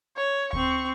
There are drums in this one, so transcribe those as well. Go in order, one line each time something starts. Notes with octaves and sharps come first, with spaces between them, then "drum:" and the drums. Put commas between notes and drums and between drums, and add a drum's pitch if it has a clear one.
C#5
C4 C#6, drum: kick D2